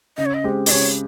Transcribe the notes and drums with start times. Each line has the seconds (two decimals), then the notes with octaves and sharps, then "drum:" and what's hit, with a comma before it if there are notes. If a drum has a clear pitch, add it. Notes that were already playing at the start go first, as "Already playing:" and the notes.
0.17 C#3 D#5
0.26 C#5
0.34 D#5
0.44 G#3 C4 G4
0.66 D#5, drum: open hi-hat
0.70 C#3 C#5